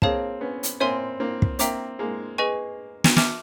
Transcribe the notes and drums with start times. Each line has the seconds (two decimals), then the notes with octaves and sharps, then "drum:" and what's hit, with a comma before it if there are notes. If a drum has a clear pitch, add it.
0.02 A#3 C4 G#4 C#5 F5 A5, drum: kick
0.41 B3 C#4
0.63 drum: hi-hat
0.80 A#3 C4 C#5 E5 G#5 C6
1.20 A#3 C4
1.42 drum: kick
1.59 A#3 C4 E5 G5 A#5 D6, drum: hi-hat
1.99 G#3 A#3
2.38 G#4 B4 D#5 G#5 C#6
3.04 drum: snare
3.17 E5 A5 D6 F6, drum: snare